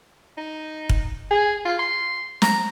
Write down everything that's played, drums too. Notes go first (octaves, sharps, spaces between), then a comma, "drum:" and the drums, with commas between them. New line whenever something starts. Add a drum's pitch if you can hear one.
D#4
drum: kick
G#4
F4
C6
A#5, drum: snare